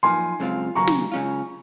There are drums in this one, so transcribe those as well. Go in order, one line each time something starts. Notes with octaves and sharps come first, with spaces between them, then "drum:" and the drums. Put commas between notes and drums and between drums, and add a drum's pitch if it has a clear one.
F#2 F3 A#3 D#4 G#5 C6
F#2 C#3 G#3 C4 F4
D#2 C#3 F#3 A#3 A#5 C#6
drum: snare
C#3 G#3 C#4 F4